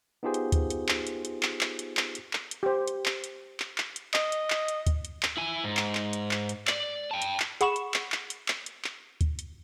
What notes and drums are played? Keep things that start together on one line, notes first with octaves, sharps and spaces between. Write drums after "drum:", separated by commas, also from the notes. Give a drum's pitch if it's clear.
B3 D#4 F4 G4 G#4 C5
drum: hi-hat
drum: kick, hi-hat
drum: hi-hat
drum: clap
drum: hi-hat
drum: hi-hat
drum: clap
drum: clap
drum: hi-hat
drum: clap
drum: hi-hat
drum: clap
drum: hi-hat
G4 C5
drum: hi-hat
drum: clap
drum: hi-hat
drum: clap
drum: clap
drum: hi-hat
D#5, drum: clap
drum: hi-hat
drum: clap
drum: hi-hat
drum: kick, hi-hat
drum: hi-hat
drum: clap
E4 G#5
G#2
drum: clap
drum: clap
drum: hi-hat
drum: clap
drum: hi-hat
D5, drum: clap
G5 A5
drum: hi-hat
drum: clap
G#4 F#5 B5 C#6 E7, drum: hi-hat
drum: hi-hat
drum: clap
drum: clap
drum: hi-hat
drum: clap
drum: hi-hat
drum: clap
drum: kick, hi-hat
drum: hi-hat